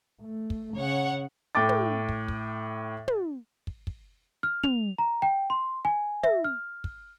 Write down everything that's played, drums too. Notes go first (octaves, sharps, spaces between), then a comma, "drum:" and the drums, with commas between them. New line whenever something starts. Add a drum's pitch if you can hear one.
A3
drum: kick
C#3 C#5 F#5
A2 G5 D6 A6
drum: tom
drum: kick
drum: kick
drum: tom
drum: kick
drum: kick
F6
F7, drum: tom
A#5
G5
C6
G#5
E5, drum: tom
F6
drum: kick